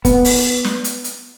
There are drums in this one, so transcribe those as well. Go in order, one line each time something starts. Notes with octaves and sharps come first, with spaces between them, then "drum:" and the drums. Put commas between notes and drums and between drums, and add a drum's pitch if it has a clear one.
B3, drum: kick, hi-hat
drum: open hi-hat
drum: snare
drum: hi-hat
drum: hi-hat